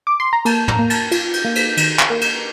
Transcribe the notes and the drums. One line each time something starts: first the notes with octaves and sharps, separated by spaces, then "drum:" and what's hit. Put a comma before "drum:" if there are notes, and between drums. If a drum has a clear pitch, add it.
D6
C6
A#5
A#3 A5, drum: cymbal
A#5, drum: tom
A#3
A5, drum: cymbal
F4, drum: cymbal
drum: cymbal
A#3
drum: cymbal
D#3, drum: cymbal
drum: clap
A#3
drum: cymbal